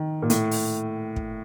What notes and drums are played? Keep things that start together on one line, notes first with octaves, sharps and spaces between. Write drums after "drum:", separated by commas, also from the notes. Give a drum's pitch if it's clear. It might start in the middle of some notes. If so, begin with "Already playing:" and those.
Already playing: D#3
A#2
A2, drum: hi-hat
drum: open hi-hat
drum: kick